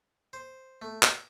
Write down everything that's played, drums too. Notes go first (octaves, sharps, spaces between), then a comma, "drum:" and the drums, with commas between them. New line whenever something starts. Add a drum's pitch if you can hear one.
C5
A3
D6, drum: clap